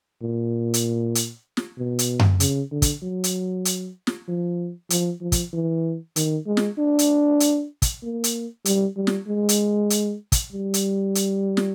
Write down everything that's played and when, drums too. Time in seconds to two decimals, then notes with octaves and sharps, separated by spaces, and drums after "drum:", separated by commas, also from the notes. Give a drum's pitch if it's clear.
0.22 A#2
0.74 drum: hi-hat
1.15 drum: hi-hat
1.57 drum: snare
1.78 B2
1.99 drum: hi-hat
2.19 drum: tom F#2
2.40 C#3, drum: hi-hat
2.72 D3
2.82 drum: kick, hi-hat
3.02 F#3
3.24 drum: hi-hat
3.65 drum: hi-hat
4.07 drum: snare
4.28 F3
4.90 F3, drum: hi-hat
5.21 F3
5.32 drum: kick, hi-hat
5.53 E3
6.16 D#3, drum: hi-hat
6.46 G#3
6.57 drum: snare
6.78 D4
6.99 drum: hi-hat
7.40 drum: hi-hat
7.82 drum: kick, hi-hat
8.03 A#3
8.24 drum: hi-hat
8.65 G3, drum: hi-hat
8.97 G3
9.07 drum: snare
9.28 G#3
9.49 drum: hi-hat
9.90 drum: hi-hat
10.32 drum: kick, hi-hat
10.52 G3
10.74 drum: hi-hat
11.15 drum: hi-hat
11.57 drum: snare